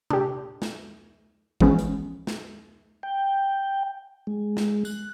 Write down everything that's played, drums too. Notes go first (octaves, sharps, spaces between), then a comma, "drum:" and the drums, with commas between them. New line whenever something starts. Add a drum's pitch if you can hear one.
D4 G4, drum: tom C3
drum: snare
E3 F3 G#3 B3 C#4, drum: kick G#1
drum: hi-hat
drum: snare
G5
G#3
drum: snare
F#6, drum: tambourine